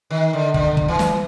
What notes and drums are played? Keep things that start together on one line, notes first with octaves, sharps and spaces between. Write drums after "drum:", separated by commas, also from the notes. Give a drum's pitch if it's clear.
D#3
D3
D3, drum: kick
drum: kick
E3
drum: snare